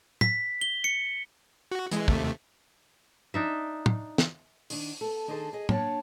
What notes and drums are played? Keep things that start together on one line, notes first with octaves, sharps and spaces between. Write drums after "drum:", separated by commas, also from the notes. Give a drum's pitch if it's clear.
B6, drum: tom
G7
C#7
F#4
E3 G#3, drum: hi-hat
D#2 C3 A3, drum: kick
D4 D#4 E5
drum: tom
drum: snare
D#3 D4, drum: open hi-hat
B3 A4
D#3 D4 D#4 G#4 A4 C5
G#4 D#5
A#3 D4 C#5 F#5 A5, drum: tom